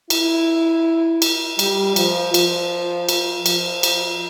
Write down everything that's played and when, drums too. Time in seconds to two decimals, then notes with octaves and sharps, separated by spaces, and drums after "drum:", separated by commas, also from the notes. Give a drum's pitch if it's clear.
0.10 E4, drum: cymbal
1.22 drum: cymbal
1.59 G3, drum: cymbal
1.96 F3, drum: cymbal
2.34 F3, drum: cymbal
3.09 drum: cymbal
3.46 F3, drum: cymbal
3.83 drum: cymbal